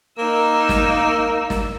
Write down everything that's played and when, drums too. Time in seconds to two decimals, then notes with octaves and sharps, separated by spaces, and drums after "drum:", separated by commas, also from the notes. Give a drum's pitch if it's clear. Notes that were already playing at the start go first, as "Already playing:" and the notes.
0.18 A#3 D#4 E6
0.69 drum: snare
1.50 drum: snare